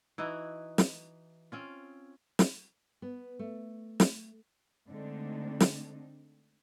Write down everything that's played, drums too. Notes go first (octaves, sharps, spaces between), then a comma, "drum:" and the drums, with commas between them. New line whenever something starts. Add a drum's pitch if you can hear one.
E3 D#4 E4 F#4
drum: snare
C4 C#4 F4
drum: snare
B3
A3
drum: snare
D3 G#3 A3 C4 D4 D#4
drum: snare